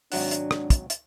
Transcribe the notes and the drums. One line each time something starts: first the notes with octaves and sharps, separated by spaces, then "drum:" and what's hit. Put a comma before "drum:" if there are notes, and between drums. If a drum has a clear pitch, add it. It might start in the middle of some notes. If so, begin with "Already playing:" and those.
G#1 F#3 D4 F#5, drum: open hi-hat
drum: hi-hat
drum: rim click
drum: kick, hi-hat
drum: hi-hat